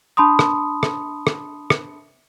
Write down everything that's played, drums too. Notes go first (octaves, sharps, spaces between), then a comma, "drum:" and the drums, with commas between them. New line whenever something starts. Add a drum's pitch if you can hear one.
D4 A5 B5 C6 D#6
drum: rim click
drum: rim click
drum: rim click
drum: rim click